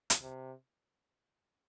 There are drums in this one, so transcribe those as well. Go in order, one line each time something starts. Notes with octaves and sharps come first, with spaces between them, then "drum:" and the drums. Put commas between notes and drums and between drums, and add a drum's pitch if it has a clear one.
drum: hi-hat
C3